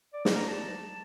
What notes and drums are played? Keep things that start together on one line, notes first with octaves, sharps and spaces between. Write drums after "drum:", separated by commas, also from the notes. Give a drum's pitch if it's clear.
D5
D5, drum: snare
A#5
A5